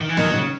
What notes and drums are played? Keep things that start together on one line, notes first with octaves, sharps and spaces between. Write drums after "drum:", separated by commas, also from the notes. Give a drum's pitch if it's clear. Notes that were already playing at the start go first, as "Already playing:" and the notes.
D#3
E3
D#2 D#3 F#3, drum: snare
C#3